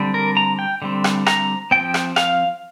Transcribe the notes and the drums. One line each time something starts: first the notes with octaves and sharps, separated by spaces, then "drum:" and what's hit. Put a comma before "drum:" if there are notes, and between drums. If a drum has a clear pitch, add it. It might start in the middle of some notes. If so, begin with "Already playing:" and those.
Already playing: D3 G3 C4
A#4
A#5
G5
D3 G3 C4
drum: rim click
A#5, drum: rim click
F3 C4 G5
drum: rim click
F5, drum: rim click